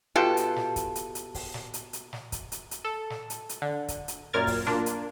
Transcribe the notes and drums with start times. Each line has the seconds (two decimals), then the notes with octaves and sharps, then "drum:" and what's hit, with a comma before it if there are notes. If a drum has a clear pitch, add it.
0.16 B2 F4 G4 A4
0.37 drum: hi-hat
0.56 drum: snare
0.76 drum: kick, hi-hat
0.95 drum: hi-hat
1.15 drum: hi-hat
1.35 drum: kick, open hi-hat
1.54 drum: snare
1.74 drum: hi-hat
1.93 drum: hi-hat
2.13 drum: snare
2.32 drum: kick, hi-hat
2.52 drum: hi-hat
2.71 drum: hi-hat
2.84 A4
3.10 drum: snare
3.30 drum: hi-hat
3.49 drum: hi-hat
3.62 D3
3.88 drum: kick, hi-hat
4.08 drum: hi-hat
4.33 F#2 A#2 A#4 F6 G#6 A6
4.47 drum: kick, open hi-hat
4.67 A#3 D4 F4, drum: snare
4.86 drum: hi-hat